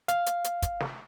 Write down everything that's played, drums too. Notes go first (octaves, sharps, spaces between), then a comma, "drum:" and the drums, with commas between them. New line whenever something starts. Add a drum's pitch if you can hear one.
F5, drum: hi-hat
drum: hi-hat
drum: hi-hat
drum: kick, hi-hat
drum: snare